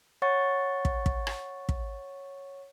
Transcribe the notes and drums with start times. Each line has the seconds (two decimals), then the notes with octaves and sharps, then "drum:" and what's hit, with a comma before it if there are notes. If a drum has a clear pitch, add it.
0.22 C#5 F#5 C#6 A6
0.85 drum: kick
1.06 drum: kick
1.27 drum: rim click
1.69 drum: kick